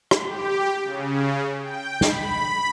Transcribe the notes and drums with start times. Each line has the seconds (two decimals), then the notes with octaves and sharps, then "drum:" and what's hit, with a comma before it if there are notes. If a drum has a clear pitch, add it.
0.11 drum: rim click
0.25 G4
0.83 C#3
1.61 G5
2.01 B5, drum: snare